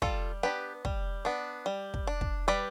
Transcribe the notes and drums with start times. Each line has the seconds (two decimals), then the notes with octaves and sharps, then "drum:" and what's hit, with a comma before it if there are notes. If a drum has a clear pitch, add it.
0.02 G3 F4 A4, drum: kick
0.43 B3 D4 G4 B4
0.85 G3, drum: kick
1.25 B3 D4
1.66 G3
1.94 drum: kick
2.07 D4
2.21 drum: kick
2.48 G3 B4 D5